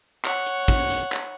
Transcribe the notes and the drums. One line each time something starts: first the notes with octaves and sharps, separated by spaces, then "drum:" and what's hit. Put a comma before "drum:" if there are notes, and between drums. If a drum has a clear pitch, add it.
C#5 F#5, drum: clap
drum: hi-hat
drum: kick, hi-hat
drum: hi-hat
drum: clap